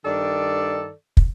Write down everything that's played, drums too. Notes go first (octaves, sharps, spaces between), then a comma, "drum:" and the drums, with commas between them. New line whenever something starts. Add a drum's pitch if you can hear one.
G2 D#3 A4 D5
drum: kick